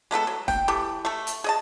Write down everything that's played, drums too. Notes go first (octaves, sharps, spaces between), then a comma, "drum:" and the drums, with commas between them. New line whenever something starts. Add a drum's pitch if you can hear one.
G#3 A3 B3 A4
F#3
G5, drum: snare E1
E3 G4 A4
A3 A4
drum: hi-hat
G#4 D#5 A5